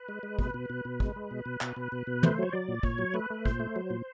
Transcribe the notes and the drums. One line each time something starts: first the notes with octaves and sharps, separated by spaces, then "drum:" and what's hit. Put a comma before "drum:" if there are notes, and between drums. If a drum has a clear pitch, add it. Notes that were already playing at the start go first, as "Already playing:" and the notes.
Already playing: B4
G#3
G#3
B2, drum: kick
B2
B2
B2
G#3, drum: kick
G#3
B2
B2
B2, drum: clap
B2
B2
B2
A3 C5, drum: tom
F#3 C#5
F#3 D5
A#2
A#2 C#5, drum: kick
F#3
A3 B4
A3
A#2 C5, drum: kick
A3
F#3
A#2